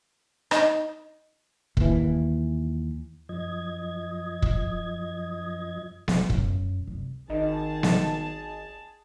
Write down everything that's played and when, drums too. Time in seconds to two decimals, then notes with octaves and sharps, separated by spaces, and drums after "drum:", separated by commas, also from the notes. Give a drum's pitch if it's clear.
0.51 D#4, drum: rim click
1.77 D#2 E3, drum: kick
3.29 F#2 F3 D#5 G#6
4.42 drum: kick
6.08 D#4, drum: snare B3
6.30 F#2, drum: kick
6.87 C2
7.30 G#1 D#3 D#4 G#4 A5
7.83 drum: snare B3